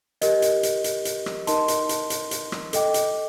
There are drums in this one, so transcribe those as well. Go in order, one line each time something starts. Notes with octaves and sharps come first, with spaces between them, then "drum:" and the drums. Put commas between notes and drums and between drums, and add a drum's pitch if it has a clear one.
G4 A#4 D#5, drum: hi-hat
drum: hi-hat
drum: hi-hat
drum: hi-hat
drum: hi-hat
drum: rim click
D#4 A#4 D#5 A5 C6, drum: hi-hat
drum: hi-hat
drum: hi-hat
drum: hi-hat
drum: hi-hat
drum: rim click
A4 D#5 G5 D6, drum: hi-hat
drum: hi-hat